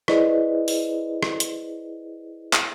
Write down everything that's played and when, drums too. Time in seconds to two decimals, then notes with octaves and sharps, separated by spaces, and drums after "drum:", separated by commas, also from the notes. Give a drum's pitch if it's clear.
0.08 E4 G#4 B4 C5 D5 D#5, drum: rim click
0.68 drum: open hi-hat
1.23 drum: rim click
1.40 drum: hi-hat
2.53 drum: clap